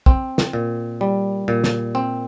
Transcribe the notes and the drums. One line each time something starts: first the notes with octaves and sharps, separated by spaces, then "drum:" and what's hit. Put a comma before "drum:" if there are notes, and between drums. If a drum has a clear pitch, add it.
C4, drum: kick
drum: snare
A#2
G3
A#2
drum: snare
C4